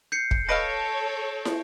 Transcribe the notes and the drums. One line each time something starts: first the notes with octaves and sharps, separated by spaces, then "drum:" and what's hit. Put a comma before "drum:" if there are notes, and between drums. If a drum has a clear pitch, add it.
G6 C7 C#7
drum: kick
A4 B4 C#5 D#5 F5 A#6 D7
drum: snare